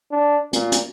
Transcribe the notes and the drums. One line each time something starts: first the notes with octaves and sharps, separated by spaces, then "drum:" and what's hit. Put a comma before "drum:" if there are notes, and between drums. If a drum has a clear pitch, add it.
D4
A#2, drum: hi-hat
drum: hi-hat